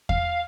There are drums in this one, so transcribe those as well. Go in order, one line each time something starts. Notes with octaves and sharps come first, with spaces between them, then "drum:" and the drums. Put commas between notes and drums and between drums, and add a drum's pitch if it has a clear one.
F5, drum: kick E2